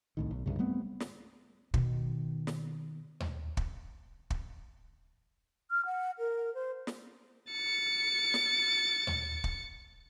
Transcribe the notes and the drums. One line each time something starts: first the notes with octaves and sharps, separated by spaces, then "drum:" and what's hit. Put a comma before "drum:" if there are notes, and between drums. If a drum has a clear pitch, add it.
C2 A2 D#3
B1
C2 G2 C#3
G3 A3 B3 C4
drum: snare
B2 D#3, drum: kick
drum: snare
drum: tom D#2
drum: kick
drum: kick
F6
F#5
A#4
C5
drum: snare
A6 C#7
drum: snare
drum: tom D#2
drum: kick